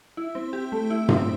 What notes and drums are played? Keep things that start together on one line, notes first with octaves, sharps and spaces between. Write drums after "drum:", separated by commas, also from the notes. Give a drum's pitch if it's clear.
E4
C4
G4
A3
E4
C4, drum: tom G2